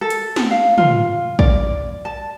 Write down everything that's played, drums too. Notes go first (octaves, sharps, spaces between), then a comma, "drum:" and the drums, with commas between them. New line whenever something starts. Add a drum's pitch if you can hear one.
A4
drum: hi-hat
drum: snare
F5
F4, drum: tom
D5, drum: kick
A5